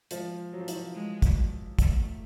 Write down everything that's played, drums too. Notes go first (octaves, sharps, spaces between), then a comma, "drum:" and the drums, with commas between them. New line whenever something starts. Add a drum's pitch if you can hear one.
F3 G#3, drum: hi-hat
F#3
F3
E3, drum: hi-hat
F3
G#3
drum: kick, hi-hat
A3, drum: kick, hi-hat